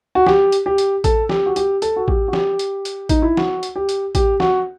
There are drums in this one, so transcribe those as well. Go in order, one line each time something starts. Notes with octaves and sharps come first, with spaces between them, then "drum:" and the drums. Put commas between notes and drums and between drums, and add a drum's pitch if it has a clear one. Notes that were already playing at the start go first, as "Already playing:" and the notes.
F#4
G4, drum: snare
drum: hi-hat
G4
drum: hi-hat
A4, drum: kick A1, hi-hat
G4, drum: snare
F#4
G4, drum: hi-hat
A4, drum: hi-hat
F#4
G4, drum: kick A1
F#4
G4, drum: snare
drum: hi-hat
drum: hi-hat
D#4, drum: kick A1, hi-hat
E4
F#4, drum: snare
drum: hi-hat
G4
drum: hi-hat
G4, drum: kick A1, hi-hat
F#4, drum: snare